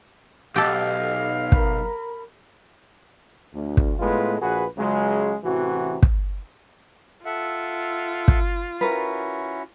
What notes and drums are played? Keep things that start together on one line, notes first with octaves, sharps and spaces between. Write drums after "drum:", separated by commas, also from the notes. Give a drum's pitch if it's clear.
B1 G4 A4 D#5 F5
A#4 B5, drum: kick
D2
drum: kick
A2 G#3 A3 B3 F4 B4
A#1 F#4 G#4 B4
C#2 C#3 F#3 G#3
A1 C3 E3 F#4
drum: kick
F4 A4 E5 F#5
drum: kick
C#4 E4 F#4 A#4 B4